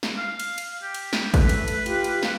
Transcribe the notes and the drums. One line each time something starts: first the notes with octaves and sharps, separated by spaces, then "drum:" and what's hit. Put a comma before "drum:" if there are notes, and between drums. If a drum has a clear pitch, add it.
drum: snare
F5
drum: cymbal
drum: cymbal
G4
drum: cymbal
drum: snare
A3 B4, drum: kick, cymbal
drum: cymbal
drum: cymbal
F4 G4, drum: cymbal
drum: cymbal
drum: snare